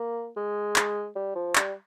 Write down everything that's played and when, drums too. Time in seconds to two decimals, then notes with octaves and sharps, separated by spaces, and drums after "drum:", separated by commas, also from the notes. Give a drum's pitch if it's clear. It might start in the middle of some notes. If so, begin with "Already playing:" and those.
Already playing: A#3
0.37 G#3
0.76 drum: clap
1.16 G3
1.35 F3
1.56 G3, drum: clap